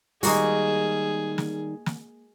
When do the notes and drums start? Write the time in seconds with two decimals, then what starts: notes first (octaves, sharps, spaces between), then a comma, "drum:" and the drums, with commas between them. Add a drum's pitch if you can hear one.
0.23 D#3 G3 G#3 A#3 F#4 G#4, drum: open hi-hat
1.38 drum: snare
1.86 drum: snare